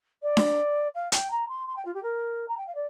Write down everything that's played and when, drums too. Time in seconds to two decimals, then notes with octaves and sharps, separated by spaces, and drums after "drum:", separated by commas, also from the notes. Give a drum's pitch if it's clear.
0.22 D5
0.37 drum: snare D4
0.94 F5
1.12 G5, drum: hi-hat
1.31 A#5
1.48 C6
1.67 C6
1.76 G5
1.85 F4
1.94 G4
2.02 A#4
2.48 A#5
2.57 G5
2.66 F5
2.74 D5